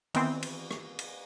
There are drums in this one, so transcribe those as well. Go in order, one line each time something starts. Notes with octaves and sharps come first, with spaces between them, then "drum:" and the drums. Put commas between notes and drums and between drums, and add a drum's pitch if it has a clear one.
D#3 E3 B3 C4, drum: cymbal
drum: cymbal
drum: rim click
drum: cymbal